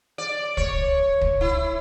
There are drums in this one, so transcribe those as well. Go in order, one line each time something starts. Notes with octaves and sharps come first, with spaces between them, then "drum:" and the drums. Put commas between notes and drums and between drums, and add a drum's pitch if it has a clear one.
D5
C#5, drum: kick
drum: kick
E4